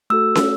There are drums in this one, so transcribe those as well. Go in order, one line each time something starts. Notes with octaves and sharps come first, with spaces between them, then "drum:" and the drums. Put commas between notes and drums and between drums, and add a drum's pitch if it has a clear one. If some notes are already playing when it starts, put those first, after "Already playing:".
A3 F#4 A4 E6
drum: snare